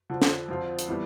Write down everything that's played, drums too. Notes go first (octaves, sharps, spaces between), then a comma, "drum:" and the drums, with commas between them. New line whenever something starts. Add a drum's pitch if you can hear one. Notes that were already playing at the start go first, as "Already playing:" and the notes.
F2 D3 F3
drum: snare
F2 D3 F3 C4 F4
drum: hi-hat
A2 E3 G3 B3